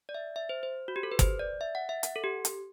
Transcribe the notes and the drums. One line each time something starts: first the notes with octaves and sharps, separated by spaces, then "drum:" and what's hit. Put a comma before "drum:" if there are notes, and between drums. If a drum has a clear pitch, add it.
D5
E5
E5
C5
C5
F#4
G4
A4
B4
C5, drum: kick, hi-hat
D5
E5
F#5
E5
F#5, drum: hi-hat
A4
G4
drum: hi-hat